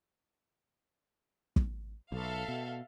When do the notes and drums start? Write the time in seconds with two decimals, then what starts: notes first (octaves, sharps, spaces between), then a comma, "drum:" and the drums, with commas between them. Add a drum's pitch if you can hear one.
1.56 drum: kick
2.12 B1 A4 E5 F5
2.48 B2